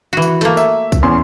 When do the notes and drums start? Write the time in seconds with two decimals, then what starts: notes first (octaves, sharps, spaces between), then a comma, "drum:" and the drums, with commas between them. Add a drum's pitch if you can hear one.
0.13 E3 F#4
0.22 drum: tambourine
0.41 A3 A#3, drum: snare
0.57 E5, drum: tambourine
0.92 drum: kick, tambourine
1.03 E2 C#4 C6